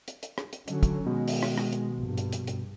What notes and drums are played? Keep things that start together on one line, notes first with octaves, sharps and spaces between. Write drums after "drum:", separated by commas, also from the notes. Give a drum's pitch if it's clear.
drum: hi-hat
drum: hi-hat
drum: rim click
drum: hi-hat
D3 F#3 C#4, drum: hi-hat
drum: kick, hi-hat
B2 D#3 G#3
drum: open hi-hat
drum: rim click
drum: rim click
drum: hi-hat
A#1 G2
drum: hi-hat
drum: hi-hat
drum: hi-hat